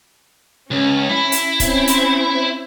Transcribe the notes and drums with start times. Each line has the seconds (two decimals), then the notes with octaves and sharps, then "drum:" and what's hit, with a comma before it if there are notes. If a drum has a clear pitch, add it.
0.71 C#2 C#4
1.09 E4
1.32 drum: hi-hat
1.60 C4 C#4, drum: kick, hi-hat
1.87 drum: hi-hat